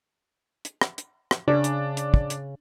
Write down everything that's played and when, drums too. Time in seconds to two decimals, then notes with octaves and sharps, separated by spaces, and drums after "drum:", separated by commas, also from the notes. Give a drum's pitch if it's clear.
0.65 drum: hi-hat
0.81 drum: rim click
0.98 drum: hi-hat
1.31 drum: rim click
1.48 C#3 D4
1.64 drum: hi-hat
1.97 drum: hi-hat
2.14 drum: kick
2.30 drum: hi-hat